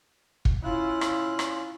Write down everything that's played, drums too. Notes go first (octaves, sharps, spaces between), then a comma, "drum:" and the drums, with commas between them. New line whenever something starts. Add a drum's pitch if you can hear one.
drum: kick
C#4 E4 F4 F#6
drum: rim click
drum: rim click